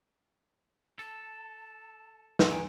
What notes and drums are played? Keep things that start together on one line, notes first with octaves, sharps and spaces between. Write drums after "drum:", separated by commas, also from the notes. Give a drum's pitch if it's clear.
A4 A5
drum: snare
D#3 A#3 B4 G#5